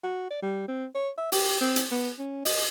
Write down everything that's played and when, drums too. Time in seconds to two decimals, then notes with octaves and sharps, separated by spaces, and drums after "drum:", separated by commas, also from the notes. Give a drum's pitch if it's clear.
0.03 F#4
0.31 D5
0.42 G3
0.68 C4
0.95 C#5
1.18 E5
1.32 G4, drum: open hi-hat
1.61 C4
1.76 drum: hi-hat
1.91 B3
2.18 C#4
2.45 D#5, drum: open hi-hat